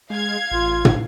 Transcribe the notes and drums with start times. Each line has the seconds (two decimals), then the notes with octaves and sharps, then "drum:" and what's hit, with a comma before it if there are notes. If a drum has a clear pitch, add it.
0.10 G#3 F5 G#6
0.51 A1 F4
0.85 drum: tom